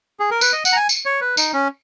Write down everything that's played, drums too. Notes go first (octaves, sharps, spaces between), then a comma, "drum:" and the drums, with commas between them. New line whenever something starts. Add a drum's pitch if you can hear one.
G#4
A#4
B4, drum: tambourine
D#5
F#5, drum: tambourine
A#5
G#5
drum: tambourine
C#5
B4
D#4, drum: tambourine
C#4